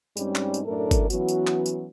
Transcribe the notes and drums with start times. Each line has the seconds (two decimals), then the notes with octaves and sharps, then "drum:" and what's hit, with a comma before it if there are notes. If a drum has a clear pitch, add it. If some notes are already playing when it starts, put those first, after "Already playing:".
0.17 G2 G3 G#3 C4 C#4 D#4, drum: tambourine
0.35 drum: clap
0.54 drum: tambourine
0.65 F#2 A2 A3 D4 A4 A#4
0.91 drum: kick G1, tambourine
1.10 E3 F#3 B3 C#4 F#4, drum: tambourine
1.28 drum: tambourine
1.47 drum: clap
1.66 drum: tambourine